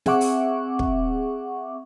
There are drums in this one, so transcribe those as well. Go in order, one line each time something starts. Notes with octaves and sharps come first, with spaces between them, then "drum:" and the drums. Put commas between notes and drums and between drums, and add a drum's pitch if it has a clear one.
C4 G#4 E5 F#5 C#6 D6, drum: snare
drum: open hi-hat
drum: kick